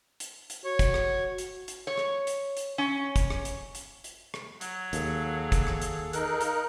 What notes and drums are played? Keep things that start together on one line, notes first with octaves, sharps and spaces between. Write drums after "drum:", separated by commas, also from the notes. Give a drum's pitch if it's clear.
drum: hi-hat
drum: hi-hat
F#4 C#5
drum: kick, hi-hat
drum: rim click
drum: hi-hat
drum: hi-hat
C#5
drum: rim click
drum: hi-hat
drum: hi-hat
C#4
drum: kick, hi-hat
drum: rim click
drum: hi-hat
drum: hi-hat
drum: hi-hat
drum: rim click
F#3, drum: hi-hat
D#2 G#4 A4 F5, drum: hi-hat
drum: kick, hi-hat
drum: rim click
drum: hi-hat
D#4 A#4 F#6, drum: hi-hat
drum: hi-hat